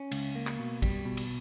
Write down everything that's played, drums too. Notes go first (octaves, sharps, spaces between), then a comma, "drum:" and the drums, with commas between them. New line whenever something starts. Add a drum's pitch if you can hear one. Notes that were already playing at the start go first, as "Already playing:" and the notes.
Already playing: C#4
C#2, drum: cymbal
A#3
drum: clap
B2
G3, drum: kick A1, cymbal
B2
drum: cymbal